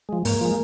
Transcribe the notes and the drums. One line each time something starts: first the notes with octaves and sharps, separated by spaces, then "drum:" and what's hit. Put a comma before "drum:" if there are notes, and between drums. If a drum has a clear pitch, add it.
F3 G#3
G#2 A#3, drum: open hi-hat
F3 G#3